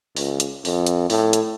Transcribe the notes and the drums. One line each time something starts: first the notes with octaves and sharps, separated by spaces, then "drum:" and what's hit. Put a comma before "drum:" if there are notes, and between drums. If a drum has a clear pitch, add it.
C#2, drum: open hi-hat
drum: hi-hat
F2, drum: open hi-hat
drum: hi-hat
A2, drum: open hi-hat
drum: hi-hat